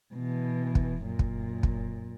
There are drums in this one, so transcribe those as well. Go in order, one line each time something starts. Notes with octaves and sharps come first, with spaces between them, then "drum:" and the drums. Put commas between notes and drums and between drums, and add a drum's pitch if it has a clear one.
B2 E3
drum: kick
F#2 A#2
drum: kick
drum: kick